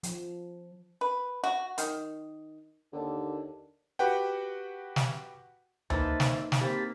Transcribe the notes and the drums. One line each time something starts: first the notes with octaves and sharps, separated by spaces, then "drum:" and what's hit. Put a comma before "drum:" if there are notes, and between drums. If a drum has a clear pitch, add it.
F3, drum: hi-hat
B4
F#4
D#3, drum: hi-hat
D#2 D3
F#4 G4 B4 F#5 G5
drum: snare
A#3 D#4 B4 C5 E5 A5, drum: tom D2
drum: snare
drum: snare
A#3 C4 G4 A5 B5